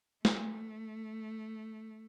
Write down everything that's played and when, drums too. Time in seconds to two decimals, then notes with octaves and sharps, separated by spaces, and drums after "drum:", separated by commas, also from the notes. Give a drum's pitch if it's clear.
0.25 A3, drum: snare